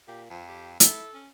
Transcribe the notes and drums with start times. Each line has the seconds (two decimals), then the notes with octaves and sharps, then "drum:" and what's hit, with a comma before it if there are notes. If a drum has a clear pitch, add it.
0.08 A#2 G4
0.30 F2 F3
0.48 G4
0.80 E4 A4, drum: hi-hat
1.14 C#4